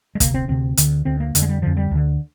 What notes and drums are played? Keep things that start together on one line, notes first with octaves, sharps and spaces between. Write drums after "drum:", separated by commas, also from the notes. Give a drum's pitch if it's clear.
G#3
D2 C3 A#3, drum: kick, hi-hat
C4
D2 C3 C4
D2 D3, drum: hi-hat
D2 D3 C4
A#3
F2 D3, drum: hi-hat
G#3
G3
F2 D3 F3
G3
D2 D3